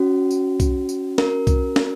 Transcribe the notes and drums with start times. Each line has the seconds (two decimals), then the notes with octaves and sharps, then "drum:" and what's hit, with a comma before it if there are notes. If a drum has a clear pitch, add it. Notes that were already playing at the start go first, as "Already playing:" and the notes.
Already playing: C#4 F#4
0.31 drum: tambourine
0.60 drum: kick B1, tambourine
0.89 drum: tambourine
1.18 A#4, drum: snare
1.47 drum: kick B1, tambourine
1.76 drum: snare